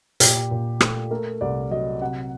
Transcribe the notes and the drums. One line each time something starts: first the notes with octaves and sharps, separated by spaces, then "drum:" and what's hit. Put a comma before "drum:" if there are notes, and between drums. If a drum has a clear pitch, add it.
A#2 G4, drum: hi-hat
A#2
A3, drum: rim click
A3 A#4
C2 D5
F#3 D#5
C3 F#5